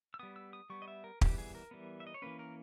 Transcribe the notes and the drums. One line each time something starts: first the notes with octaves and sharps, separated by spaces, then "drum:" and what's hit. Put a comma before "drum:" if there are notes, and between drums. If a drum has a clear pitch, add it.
E6
G3 B3 D#6
E6
D#6
G3 B3 C#6
D#5
E5
A#4
E3 G3 B3 G4, drum: kick
G#4
A#4
E3 G3 B3
E5
D#5
C#5
E3 A#3 C#4 B4
A#4